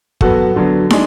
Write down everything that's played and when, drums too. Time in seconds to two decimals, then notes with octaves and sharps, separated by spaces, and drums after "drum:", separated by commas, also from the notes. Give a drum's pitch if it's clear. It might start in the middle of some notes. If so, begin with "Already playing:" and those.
0.21 F#3 B3 F#4 A4, drum: kick
0.56 D3 F#3 B3
0.90 G#3 D4, drum: snare